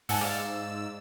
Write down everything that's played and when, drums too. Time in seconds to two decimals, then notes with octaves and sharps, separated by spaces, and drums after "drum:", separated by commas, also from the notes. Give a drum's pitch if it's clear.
0.09 G#2 F#5 G#5 A5 E6, drum: open hi-hat
0.21 D5 F5